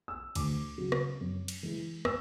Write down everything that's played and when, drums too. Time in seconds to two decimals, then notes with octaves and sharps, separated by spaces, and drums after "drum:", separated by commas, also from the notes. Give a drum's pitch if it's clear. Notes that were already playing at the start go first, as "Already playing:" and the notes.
0.08 E6
0.35 D2 D6, drum: cymbal
0.78 C#3 F#3
0.92 drum: rim click
1.21 F#2
1.48 drum: cymbal
1.63 E3 G#3
2.05 E6, drum: rim click